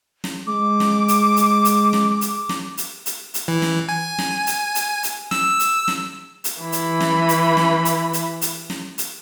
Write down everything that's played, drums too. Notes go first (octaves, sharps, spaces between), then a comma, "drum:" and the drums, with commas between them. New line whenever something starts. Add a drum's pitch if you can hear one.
drum: snare
G#3 D6
drum: snare
drum: hi-hat
drum: hi-hat
drum: hi-hat
drum: snare
drum: hi-hat
drum: snare
drum: hi-hat
drum: hi-hat
drum: hi-hat
E3
drum: snare
G#5
drum: snare
drum: hi-hat
drum: hi-hat
drum: hi-hat
E6, drum: snare
drum: hi-hat
drum: snare
drum: hi-hat
E3 B5
drum: hi-hat
drum: snare
drum: hi-hat
drum: snare
drum: hi-hat
drum: hi-hat
drum: hi-hat
drum: snare
drum: hi-hat